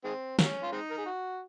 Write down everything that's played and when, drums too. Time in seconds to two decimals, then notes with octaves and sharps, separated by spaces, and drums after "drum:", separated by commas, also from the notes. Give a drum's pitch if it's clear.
0.04 D#3 G#3 C4
0.39 F#3 A#3 C#4, drum: snare
0.63 F4
0.72 G#3 C4 D#4
0.90 A#4
0.98 G#4
1.06 F#4